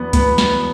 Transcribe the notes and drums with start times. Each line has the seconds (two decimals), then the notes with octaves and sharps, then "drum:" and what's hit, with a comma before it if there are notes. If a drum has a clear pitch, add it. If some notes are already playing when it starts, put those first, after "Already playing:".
Already playing: E2 F#3 B3
0.13 B3, drum: kick C#2, hi-hat
0.38 B3, drum: snare